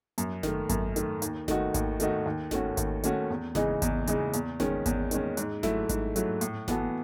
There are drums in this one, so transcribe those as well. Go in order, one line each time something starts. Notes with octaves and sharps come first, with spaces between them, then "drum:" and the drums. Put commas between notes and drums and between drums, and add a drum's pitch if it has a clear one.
F#2, drum: hi-hat
D#3 A3, drum: snare G1
F#2, drum: kick G#1, hi-hat
D#3 A3, drum: hi-hat
D#2, drum: hi-hat
D#3 A3 D#4 F#4, drum: snare G1
D#2, drum: kick G#1, hi-hat
D#3 A3 D#4 F#4, drum: hi-hat
D#2
D#3 A3 C#4 F#4, drum: snare G1
D#2, drum: kick G#1, hi-hat
D#3 A3 C#4 F#4, drum: hi-hat
E2
C#3 E3 G#3 D#4, drum: snare G1
E2, drum: kick G#1, hi-hat
C#3 E3 G#3 D#4, drum: hi-hat
E2, drum: hi-hat
D#3 G#3 C#4, drum: snare G1
E2, drum: kick G#1, hi-hat
D#3 G#3 C#4, drum: hi-hat
G#2, drum: hi-hat
F#3 A3 E4, drum: snare G1
G#2, drum: kick G#1, hi-hat
F#3 A3 E4, drum: hi-hat
A2, drum: hi-hat
E3 B3 F#4 A4, drum: snare G1